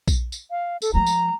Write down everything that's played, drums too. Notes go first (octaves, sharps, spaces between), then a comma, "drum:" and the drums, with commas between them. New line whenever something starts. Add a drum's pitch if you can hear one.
drum: kick A#1, tambourine
drum: tambourine
F5
A4, drum: tambourine
F3 G#3 A#5
drum: tambourine